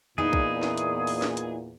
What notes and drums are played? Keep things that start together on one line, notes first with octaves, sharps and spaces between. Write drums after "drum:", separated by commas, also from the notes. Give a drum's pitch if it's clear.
E2 A#2 B3 D#4 E4 G#4
drum: kick B1
drum: snare
drum: hi-hat
drum: open hi-hat
drum: snare
drum: hi-hat